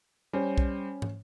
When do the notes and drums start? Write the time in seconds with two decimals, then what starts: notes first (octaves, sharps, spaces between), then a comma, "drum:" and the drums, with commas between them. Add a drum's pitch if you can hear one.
0.33 G3 C#4 C5
0.58 drum: kick
1.02 drum: tom